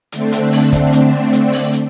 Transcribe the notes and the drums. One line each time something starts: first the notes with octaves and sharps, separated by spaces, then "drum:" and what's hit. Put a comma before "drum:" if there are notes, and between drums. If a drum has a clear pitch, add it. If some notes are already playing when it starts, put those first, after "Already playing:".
D3 A3 C4 D4, drum: hi-hat
drum: hi-hat
drum: open hi-hat
drum: kick, hi-hat
drum: hi-hat
drum: hi-hat
drum: open hi-hat
drum: hi-hat